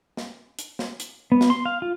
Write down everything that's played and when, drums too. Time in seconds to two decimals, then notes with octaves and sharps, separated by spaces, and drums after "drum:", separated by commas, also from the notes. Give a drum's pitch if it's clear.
0.17 drum: snare
0.59 drum: hi-hat
0.79 drum: snare
1.00 drum: hi-hat
1.32 B3
1.41 drum: snare
1.50 C6
1.66 F5
1.82 F4